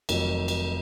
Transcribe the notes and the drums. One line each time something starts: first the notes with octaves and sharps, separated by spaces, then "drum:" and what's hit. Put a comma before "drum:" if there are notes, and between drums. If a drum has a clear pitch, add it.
F1 F2 D#3 F#3 A#3, drum: cymbal
drum: cymbal